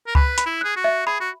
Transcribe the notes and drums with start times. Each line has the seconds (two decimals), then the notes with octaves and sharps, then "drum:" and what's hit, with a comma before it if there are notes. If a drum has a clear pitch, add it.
0.07 A#4
0.15 B4 B5, drum: kick C#2
0.38 B5, drum: hi-hat
0.46 E4
0.61 G#4 F#6
0.77 F#4
0.84 E5
1.07 G#4 B5
1.20 F#4